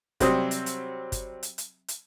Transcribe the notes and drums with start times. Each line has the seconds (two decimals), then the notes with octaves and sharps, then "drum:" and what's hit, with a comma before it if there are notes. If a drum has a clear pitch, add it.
0.20 C3 F#3 G3 C4 D#6, drum: kick, hi-hat
0.51 drum: hi-hat
0.66 drum: hi-hat
1.12 drum: kick, hi-hat
1.43 drum: hi-hat
1.58 drum: hi-hat
1.88 drum: hi-hat